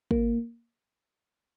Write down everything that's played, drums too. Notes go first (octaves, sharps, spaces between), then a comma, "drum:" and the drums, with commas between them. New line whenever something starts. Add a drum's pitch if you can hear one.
A#3, drum: kick G#1